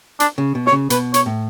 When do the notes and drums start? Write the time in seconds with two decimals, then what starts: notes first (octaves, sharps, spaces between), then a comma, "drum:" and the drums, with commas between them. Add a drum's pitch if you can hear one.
0.20 D4, drum: hi-hat
0.38 C#3
0.55 B2
0.66 C#5, drum: snare
0.72 C#3
0.90 B2 B4, drum: hi-hat
1.14 C#5, drum: hi-hat
1.26 A2